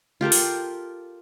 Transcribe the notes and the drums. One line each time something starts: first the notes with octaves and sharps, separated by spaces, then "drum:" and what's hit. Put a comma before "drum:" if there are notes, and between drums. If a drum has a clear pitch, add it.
F4 G4 A4 A#4
drum: open hi-hat